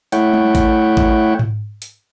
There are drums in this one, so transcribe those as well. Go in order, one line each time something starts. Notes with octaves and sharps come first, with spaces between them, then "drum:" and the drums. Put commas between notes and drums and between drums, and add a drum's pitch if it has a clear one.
A3 E4 C#5 F#5 G5, drum: hi-hat
drum: tom G3
drum: kick A1, hi-hat
drum: kick A1
drum: tom G#2
drum: hi-hat